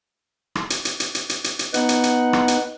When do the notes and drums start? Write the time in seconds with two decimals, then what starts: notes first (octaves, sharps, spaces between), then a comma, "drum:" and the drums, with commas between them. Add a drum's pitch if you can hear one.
0.55 drum: rim click
0.70 drum: hi-hat
0.85 drum: hi-hat
1.00 drum: hi-hat
1.15 drum: hi-hat
1.30 drum: hi-hat
1.44 drum: hi-hat
1.59 drum: hi-hat
1.74 B3 D#4 F#5, drum: hi-hat
1.89 drum: hi-hat
2.04 drum: hi-hat
2.33 drum: rim click
2.48 drum: hi-hat